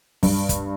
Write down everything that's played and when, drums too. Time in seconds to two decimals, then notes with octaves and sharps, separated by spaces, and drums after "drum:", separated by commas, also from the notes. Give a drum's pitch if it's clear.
0.23 G2, drum: kick, open hi-hat
0.49 drum: kick, hi-hat